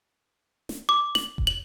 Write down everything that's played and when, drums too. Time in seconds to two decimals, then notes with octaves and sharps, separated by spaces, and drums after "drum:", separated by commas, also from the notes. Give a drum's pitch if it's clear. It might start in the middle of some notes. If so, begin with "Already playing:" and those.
0.69 drum: snare
0.89 D6
1.15 F#7, drum: snare
1.38 drum: kick F1
1.47 F#7